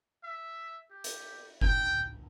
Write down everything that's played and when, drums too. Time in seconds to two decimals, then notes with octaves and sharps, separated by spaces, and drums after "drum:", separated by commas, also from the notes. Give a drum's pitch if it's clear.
0.23 E5
0.91 G4
1.04 drum: hi-hat
1.61 G5, drum: kick F#1